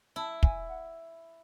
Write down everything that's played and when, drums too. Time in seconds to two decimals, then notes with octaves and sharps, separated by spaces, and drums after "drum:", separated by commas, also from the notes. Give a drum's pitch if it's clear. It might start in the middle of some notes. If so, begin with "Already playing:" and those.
0.16 E4 A5
0.43 G#5, drum: kick
0.69 F#5